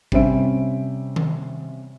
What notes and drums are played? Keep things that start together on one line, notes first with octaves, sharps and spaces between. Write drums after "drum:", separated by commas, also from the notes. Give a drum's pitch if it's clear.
C3 G3 C#4 C5 E5 D7, drum: kick
drum: tom D#3